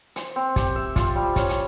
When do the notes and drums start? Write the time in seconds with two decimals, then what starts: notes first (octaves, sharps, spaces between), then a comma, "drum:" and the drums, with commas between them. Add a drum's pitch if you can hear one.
0.16 C5, drum: hi-hat
0.36 C4
0.56 G4, drum: kick, hi-hat
0.76 E5
0.96 F4, drum: kick, hi-hat
1.15 G3
1.36 C#4, drum: kick, hi-hat
1.49 drum: hi-hat